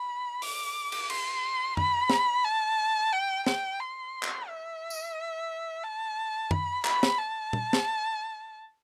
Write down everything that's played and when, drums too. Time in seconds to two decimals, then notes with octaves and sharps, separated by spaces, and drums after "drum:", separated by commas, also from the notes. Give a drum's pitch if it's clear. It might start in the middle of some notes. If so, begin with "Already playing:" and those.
Already playing: B5
0.42 D6, drum: open hi-hat
0.92 drum: cymbal
1.10 C6, drum: cymbal
1.77 B5, drum: tom
2.10 drum: snare
2.45 A5
3.13 G5
3.47 G5, drum: snare
3.80 C6
4.23 drum: clap
4.48 E5
4.90 drum: tambourine
5.84 A5
6.51 B5, drum: tom
6.85 B5, drum: clap
7.03 drum: snare
7.18 A5
7.53 drum: tom
7.73 drum: snare